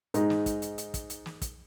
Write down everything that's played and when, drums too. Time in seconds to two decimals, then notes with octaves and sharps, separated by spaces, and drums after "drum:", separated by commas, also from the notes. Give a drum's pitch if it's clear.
0.14 G#2 D#4, drum: hi-hat
0.30 drum: snare
0.46 drum: kick, hi-hat
0.62 drum: hi-hat
0.78 drum: hi-hat
0.94 drum: kick, hi-hat
1.10 drum: hi-hat
1.26 drum: snare
1.42 drum: kick, hi-hat